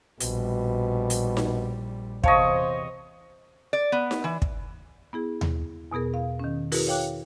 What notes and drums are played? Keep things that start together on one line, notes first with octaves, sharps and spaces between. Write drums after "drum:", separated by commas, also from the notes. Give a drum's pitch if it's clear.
A#1 B2 G3, drum: hi-hat
drum: hi-hat
drum: snare D#4
E2 C3 C5 C#5 D#5 F5 A5 C#6, drum: kick
D5
B3
drum: snare D#4
E3
drum: kick
B3 E4 G#4
drum: tom D#2
E2 B2 B3 G#4 A#4
F5
D#3 C#4
E4 F#4 G#4 A#4 B4, drum: open hi-hat
C#5 F5 G5 D6 F#6